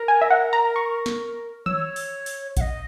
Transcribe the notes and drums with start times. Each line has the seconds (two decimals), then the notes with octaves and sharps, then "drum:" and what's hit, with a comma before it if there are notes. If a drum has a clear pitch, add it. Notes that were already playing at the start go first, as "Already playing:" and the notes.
Already playing: A#4
0.08 G#5
0.21 E5
0.30 F#5
0.53 A#5
0.76 C#6
1.06 drum: snare
1.66 C#5 E6, drum: tom D#3
1.96 drum: open hi-hat
2.26 drum: open hi-hat
2.57 F#5, drum: kick A1, hi-hat
2.61 D#5